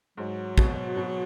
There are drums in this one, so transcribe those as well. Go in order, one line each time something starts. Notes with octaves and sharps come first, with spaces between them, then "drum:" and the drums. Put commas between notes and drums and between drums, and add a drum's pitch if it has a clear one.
G#2 F#3
B2, drum: kick
B2